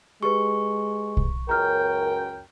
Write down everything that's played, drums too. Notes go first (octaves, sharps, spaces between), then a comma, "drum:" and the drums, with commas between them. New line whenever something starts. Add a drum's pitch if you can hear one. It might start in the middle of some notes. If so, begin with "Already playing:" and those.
G#3 G4 G#4 B4 C#6
drum: kick B1
C#2 F#2 A#4 G5 A#5 F6